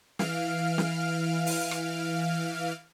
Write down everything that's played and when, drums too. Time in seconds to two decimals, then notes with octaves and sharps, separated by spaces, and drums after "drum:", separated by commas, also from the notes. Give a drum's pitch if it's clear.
0.19 E3 F5 F6 D7, drum: snare
0.78 drum: snare
1.46 drum: open hi-hat
1.71 drum: rim click